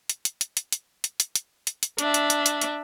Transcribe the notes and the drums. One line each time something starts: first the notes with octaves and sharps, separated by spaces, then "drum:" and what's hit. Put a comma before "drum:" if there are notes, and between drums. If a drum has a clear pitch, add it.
drum: hi-hat
drum: hi-hat
drum: hi-hat
drum: hi-hat
drum: hi-hat
drum: hi-hat
drum: hi-hat
drum: hi-hat
drum: hi-hat
drum: hi-hat
D4 E5, drum: hi-hat
drum: hi-hat
drum: hi-hat
drum: hi-hat
drum: hi-hat